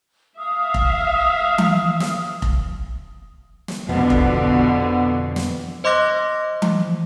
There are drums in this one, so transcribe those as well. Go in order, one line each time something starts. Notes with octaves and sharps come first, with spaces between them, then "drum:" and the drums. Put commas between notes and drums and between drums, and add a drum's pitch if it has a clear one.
E5 F5 D#6
drum: kick F1
drum: tom E3
drum: snare
drum: kick F1
drum: snare
F2 B2 D3 F3 B3
drum: kick F1
drum: snare
C5 D#5 C6 D6 F#6 A#6
drum: tom E3